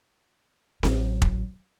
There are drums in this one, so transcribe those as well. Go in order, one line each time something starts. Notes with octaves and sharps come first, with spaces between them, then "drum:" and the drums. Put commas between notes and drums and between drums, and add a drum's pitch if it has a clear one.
A1 F#3, drum: snare C4
drum: kick